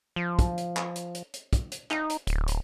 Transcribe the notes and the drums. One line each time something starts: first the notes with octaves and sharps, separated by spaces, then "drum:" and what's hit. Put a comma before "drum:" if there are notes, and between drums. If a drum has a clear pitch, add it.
F3
drum: kick, hi-hat
drum: hi-hat
drum: clap
drum: hi-hat
drum: hi-hat
drum: hi-hat
drum: kick, hi-hat
drum: hi-hat
D#4, drum: clap
drum: hi-hat
D1, drum: hi-hat
drum: hi-hat